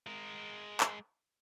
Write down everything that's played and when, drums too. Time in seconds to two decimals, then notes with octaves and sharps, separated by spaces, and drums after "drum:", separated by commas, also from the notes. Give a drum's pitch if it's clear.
0.07 G#3 A#4
0.80 drum: clap